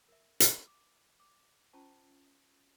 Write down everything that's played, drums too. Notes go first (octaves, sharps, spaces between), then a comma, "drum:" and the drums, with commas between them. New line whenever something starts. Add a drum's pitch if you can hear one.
A#4 E5
drum: hi-hat
D6
D6
C#4 F4 C5 A5 A#5 C#6